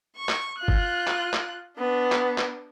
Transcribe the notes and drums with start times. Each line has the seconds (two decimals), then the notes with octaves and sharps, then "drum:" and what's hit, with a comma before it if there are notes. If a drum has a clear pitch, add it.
0.16 C#6
0.29 drum: clap
0.59 F4 F#6
0.68 drum: kick F#1
1.07 drum: clap
1.34 drum: clap
1.77 B3 D4
2.12 drum: clap
2.38 drum: clap